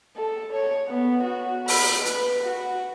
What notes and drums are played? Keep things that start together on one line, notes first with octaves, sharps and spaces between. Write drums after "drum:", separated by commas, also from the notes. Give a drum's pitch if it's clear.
A4
C#5
B3
F#4
B5, drum: open hi-hat
B4, drum: hi-hat
F#4